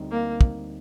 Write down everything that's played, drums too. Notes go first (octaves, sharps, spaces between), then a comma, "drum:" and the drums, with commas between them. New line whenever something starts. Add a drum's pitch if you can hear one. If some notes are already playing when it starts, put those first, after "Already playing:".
Already playing: D2 D3 G3 C4 D#4
A#3
drum: kick